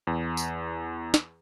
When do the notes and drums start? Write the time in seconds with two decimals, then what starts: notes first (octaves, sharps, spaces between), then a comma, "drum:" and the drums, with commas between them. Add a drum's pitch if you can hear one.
0.07 E2
0.37 drum: tambourine
1.14 drum: snare